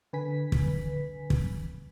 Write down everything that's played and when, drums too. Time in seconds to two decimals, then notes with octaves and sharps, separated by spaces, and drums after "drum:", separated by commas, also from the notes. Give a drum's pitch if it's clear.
0.13 D3 B4 G#5 B6
0.52 drum: kick
1.30 drum: kick